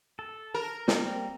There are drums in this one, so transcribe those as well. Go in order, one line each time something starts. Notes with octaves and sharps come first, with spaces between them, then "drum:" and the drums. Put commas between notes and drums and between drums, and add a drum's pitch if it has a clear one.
A4
A#4
G3 A#3 C4, drum: snare